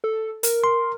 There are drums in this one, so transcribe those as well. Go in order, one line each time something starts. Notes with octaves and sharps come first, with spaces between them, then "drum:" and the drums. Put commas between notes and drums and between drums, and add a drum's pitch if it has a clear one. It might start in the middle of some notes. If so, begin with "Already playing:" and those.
A4
A#4, drum: hi-hat
C6